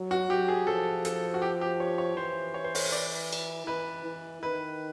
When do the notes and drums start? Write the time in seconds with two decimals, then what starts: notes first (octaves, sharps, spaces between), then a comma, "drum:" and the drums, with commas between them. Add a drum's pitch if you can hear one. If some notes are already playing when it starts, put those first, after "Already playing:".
Already playing: F#3
0.11 F#4
0.29 F#3 G4
0.48 G#4
0.67 F3 A4
1.05 A4, drum: hi-hat
1.34 F#4
1.42 G4
1.61 G4
1.80 C#5
1.98 C#5
2.17 E3 C5
2.54 C#5
2.64 C5
2.75 C#5, drum: open hi-hat
2.92 D5
3.33 drum: cymbal
3.67 E3 B4
4.05 E3
4.42 D#3 B4